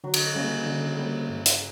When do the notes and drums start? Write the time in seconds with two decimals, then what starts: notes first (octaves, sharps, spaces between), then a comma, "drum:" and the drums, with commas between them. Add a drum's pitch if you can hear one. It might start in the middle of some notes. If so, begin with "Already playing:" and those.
0.04 D3 F#3
0.14 drum: cymbal
0.35 C#3 G3 A#3
0.66 D3
0.98 G3 A#3
1.29 G2
1.46 drum: hi-hat